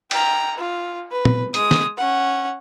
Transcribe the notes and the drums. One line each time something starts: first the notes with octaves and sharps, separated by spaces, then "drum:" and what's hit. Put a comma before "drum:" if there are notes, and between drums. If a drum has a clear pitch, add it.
G5 A#5, drum: cymbal
F4
B4
drum: tom
G#3 D#6, drum: hi-hat
drum: snare
C#4 F#5